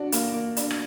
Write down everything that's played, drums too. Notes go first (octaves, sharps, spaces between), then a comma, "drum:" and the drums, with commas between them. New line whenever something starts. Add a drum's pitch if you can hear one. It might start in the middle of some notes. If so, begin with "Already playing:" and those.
Already playing: D4 F#4
A#3, drum: hi-hat
A#3
D4, drum: hi-hat
drum: rim click